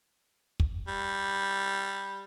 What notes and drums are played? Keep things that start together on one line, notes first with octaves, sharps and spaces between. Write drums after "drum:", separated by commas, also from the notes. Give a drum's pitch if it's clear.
drum: kick
G3